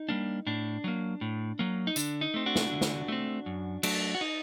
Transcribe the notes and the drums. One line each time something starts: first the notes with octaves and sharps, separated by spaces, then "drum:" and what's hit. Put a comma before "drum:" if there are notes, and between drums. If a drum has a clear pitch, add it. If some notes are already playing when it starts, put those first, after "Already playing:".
Already playing: D#4
G3 A#3 D4
A2 D4
F#3 A#3
A2
F#3 A#3
D#4
D3 D4, drum: tambourine
D#4
A3 C4
D4 F#4
drum: snare
D3
drum: snare
A3 C4
F#2
F#3 A3 D4, drum: cymbal
F#4
D#4